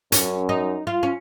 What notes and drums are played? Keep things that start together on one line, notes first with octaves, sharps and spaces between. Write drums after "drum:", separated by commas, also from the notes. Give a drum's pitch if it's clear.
F#2 C#4, drum: hi-hat
D#4
F4
C#4